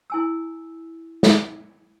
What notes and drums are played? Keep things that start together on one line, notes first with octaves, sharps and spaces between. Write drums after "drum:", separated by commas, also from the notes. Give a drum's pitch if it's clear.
E4 G#5 E6
drum: snare